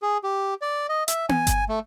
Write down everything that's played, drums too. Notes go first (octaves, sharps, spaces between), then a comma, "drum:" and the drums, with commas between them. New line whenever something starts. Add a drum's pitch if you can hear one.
G#4
G4
D5
D#5
E5, drum: hi-hat
G#5, drum: tom B3
drum: kick G1, hi-hat
A3